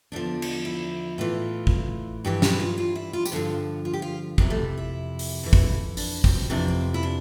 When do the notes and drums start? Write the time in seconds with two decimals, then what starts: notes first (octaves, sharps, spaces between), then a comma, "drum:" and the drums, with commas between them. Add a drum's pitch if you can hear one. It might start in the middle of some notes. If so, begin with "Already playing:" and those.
0.12 E2 D3 F3 D4
0.42 drum: cymbal
0.65 E4
1.18 A2 E3 F4
1.67 drum: kick
2.25 G2 E3 G4
2.42 G4, drum: snare
2.60 F4
2.78 F4
2.95 E4
3.13 F4
3.25 G4, drum: tambourine
3.32 G2 D3 F3 F4
3.85 F4
3.93 G4
4.02 F4
4.38 F2 C3 E3, drum: kick
4.50 A3
4.78 E4
5.19 drum: open hi-hat
5.43 F2 E3
5.53 drum: kick
5.97 D4, drum: open hi-hat
6.24 C4, drum: kick
6.50 F2 C3 E3 D4
6.68 C4
6.94 E4
7.03 D4